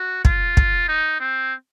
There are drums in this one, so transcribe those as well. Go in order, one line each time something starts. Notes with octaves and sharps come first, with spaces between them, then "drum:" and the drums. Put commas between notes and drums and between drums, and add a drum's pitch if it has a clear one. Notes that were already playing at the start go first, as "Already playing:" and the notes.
Already playing: F#4
F4, drum: kick
drum: kick
D#4
C4